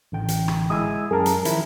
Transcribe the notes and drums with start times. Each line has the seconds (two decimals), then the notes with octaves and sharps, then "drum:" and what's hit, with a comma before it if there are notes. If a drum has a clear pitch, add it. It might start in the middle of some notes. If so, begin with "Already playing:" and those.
0.12 A1 D3 G5
0.28 drum: hi-hat
0.48 drum: rim click
0.70 G#3 E4 G#5 D#6 E6
1.11 F#2 G#4 A#4 A5
1.26 drum: hi-hat
1.45 D#3 F3 E4, drum: hi-hat